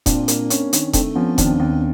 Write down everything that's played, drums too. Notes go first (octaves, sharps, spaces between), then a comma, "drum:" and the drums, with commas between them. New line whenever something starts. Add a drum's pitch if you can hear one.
A#2 C4 D4, drum: kick E1, hi-hat
A#3, drum: hi-hat
C#4, drum: hi-hat
D#3, drum: hi-hat
A3 C4 D4, drum: kick E1, hi-hat
F3 B3 C#4
D#2 C4 D4, drum: kick E1, hi-hat
D#2